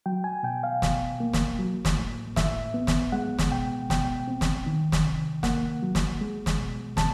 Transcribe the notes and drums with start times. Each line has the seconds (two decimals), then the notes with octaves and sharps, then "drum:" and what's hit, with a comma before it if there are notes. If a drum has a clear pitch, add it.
0.06 F#3 G5
0.24 G#5
0.43 B2 G5
0.63 F5
0.82 B2, drum: snare
1.20 A#3
1.33 drum: snare
1.59 F#3
1.85 drum: snare
1.97 A2
2.36 A2 E5, drum: snare
2.74 B3
2.87 drum: snare
3.12 G#3 F#5
3.38 drum: snare
3.52 B2 G5
3.90 B2 G5, drum: snare
4.28 C4
4.41 drum: snare
4.66 D#3
4.92 drum: snare
5.05 C3
5.43 A#3 F#5, drum: snare
5.83 F#3
5.95 drum: snare
6.21 G#3
6.46 drum: snare
6.58 B2
6.97 B2 A5, drum: snare